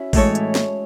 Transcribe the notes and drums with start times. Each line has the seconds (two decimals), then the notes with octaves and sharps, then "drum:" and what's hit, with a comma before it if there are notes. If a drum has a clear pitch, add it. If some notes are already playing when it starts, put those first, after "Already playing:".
Already playing: C#4 E4 F#4
0.13 A2 E3 G#3 A4 C#5, drum: kick A1, open hi-hat
0.35 drum: hi-hat
0.55 drum: snare